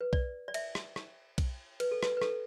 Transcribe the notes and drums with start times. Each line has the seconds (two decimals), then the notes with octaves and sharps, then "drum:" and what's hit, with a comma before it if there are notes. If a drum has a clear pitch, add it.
0.01 B4
0.13 D5, drum: kick B1
0.48 D5
0.54 E5, drum: cymbal
0.75 drum: rim click
0.96 drum: rim click
1.38 drum: kick B1, cymbal
1.80 B4, drum: cymbal
1.91 A4
2.03 B4, drum: rim click
2.17 B4
2.22 A4, drum: rim click